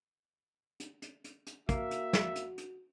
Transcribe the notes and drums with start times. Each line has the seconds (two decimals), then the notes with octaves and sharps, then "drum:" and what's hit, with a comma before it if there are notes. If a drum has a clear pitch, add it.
0.80 drum: hi-hat
1.02 drum: hi-hat
1.24 drum: hi-hat
1.47 drum: hi-hat
1.69 A#3 F#4 E5, drum: kick, hi-hat
1.91 drum: hi-hat
2.13 drum: snare
2.36 drum: hi-hat
2.58 drum: hi-hat